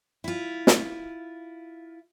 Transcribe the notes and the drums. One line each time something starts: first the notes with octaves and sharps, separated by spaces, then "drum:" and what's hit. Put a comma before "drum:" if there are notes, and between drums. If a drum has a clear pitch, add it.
E4 F4
drum: snare